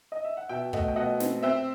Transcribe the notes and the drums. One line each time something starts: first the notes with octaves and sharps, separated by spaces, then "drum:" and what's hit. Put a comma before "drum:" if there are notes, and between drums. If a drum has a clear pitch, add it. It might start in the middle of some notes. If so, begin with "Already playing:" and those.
D#5
E5
F#5
B2 E5 G5
A3 D#5 F#5, drum: kick
G5
B2 D#5 F#5
C4, drum: snare
C4 C5 E5